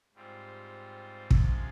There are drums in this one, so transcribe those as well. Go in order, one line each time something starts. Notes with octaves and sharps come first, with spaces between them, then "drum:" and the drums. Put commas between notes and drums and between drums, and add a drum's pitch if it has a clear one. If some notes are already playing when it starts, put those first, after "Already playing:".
G#2 G3 C4 F4
C3 F3 G#3 C#4 F4, drum: kick